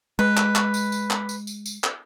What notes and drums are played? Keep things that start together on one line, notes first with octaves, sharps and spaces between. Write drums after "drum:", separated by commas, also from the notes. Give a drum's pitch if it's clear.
G#3 B4
drum: clap
drum: clap
drum: tambourine
drum: tambourine
drum: clap
drum: tambourine
drum: tambourine
drum: tambourine
drum: clap